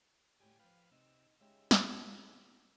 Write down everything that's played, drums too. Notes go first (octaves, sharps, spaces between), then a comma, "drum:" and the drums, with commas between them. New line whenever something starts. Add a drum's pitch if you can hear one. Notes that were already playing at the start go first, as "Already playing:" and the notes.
D2 A2 G3 G4 G#5
F3 B4 F5 G5
C3 D#4 E6
C#3 G#3 D#4 G4 E5
drum: snare